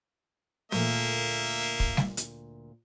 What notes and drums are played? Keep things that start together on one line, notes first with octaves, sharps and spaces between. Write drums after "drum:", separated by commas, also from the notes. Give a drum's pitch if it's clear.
D2 A#2 A3 A#3 E5, drum: tom
drum: kick
drum: snare
drum: hi-hat